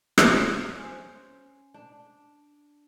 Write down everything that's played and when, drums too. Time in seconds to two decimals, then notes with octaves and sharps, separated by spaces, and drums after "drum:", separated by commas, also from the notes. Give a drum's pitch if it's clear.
0.18 drum: rim click
0.77 C#4 C5
1.74 D4